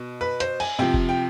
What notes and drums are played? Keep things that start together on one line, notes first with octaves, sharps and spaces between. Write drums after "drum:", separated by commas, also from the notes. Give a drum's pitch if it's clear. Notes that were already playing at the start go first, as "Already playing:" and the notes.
Already playing: B2
B4
C5, drum: hi-hat
G#5, drum: cymbal
C3 F3 G5
drum: kick F1
G5